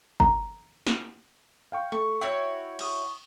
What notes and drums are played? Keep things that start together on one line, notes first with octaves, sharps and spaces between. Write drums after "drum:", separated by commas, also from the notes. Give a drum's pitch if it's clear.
A#5, drum: kick G1
drum: snare
F5 G5 C#6
A3 C#6
E4 F#4 C#5 G5 E6
C#6 D#6, drum: cymbal